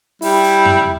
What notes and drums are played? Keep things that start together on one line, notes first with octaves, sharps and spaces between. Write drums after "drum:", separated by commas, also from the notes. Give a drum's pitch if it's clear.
G3 E4, drum: open hi-hat
drum: hi-hat
drum: tom F2